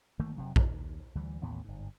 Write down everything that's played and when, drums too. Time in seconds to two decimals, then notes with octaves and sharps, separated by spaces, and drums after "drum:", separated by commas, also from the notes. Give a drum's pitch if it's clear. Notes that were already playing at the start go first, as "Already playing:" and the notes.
0.19 G1 D#3 A3 A#3
0.36 F1 C3 F#3
0.56 D#2, drum: kick A#1
1.15 D2 E3 G3
1.41 A1 D#2 A2 B3
1.64 G1 G#2